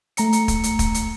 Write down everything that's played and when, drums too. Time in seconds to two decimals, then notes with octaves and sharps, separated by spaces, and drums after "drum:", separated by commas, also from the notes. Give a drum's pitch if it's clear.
0.17 A3 A#5 C#7, drum: hi-hat
0.33 drum: hi-hat
0.48 drum: kick, hi-hat
0.63 drum: hi-hat
0.79 drum: kick, hi-hat
0.94 drum: hi-hat